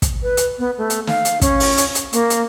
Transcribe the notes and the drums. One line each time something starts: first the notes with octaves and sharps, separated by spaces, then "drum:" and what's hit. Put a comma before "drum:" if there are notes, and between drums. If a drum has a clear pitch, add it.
drum: kick, hi-hat
B4
drum: hi-hat
B3
A3
drum: hi-hat
F5, drum: snare
drum: hi-hat
C#4, drum: kick, hi-hat
drum: open hi-hat
drum: hi-hat
drum: hi-hat
A#3, drum: hi-hat
drum: hi-hat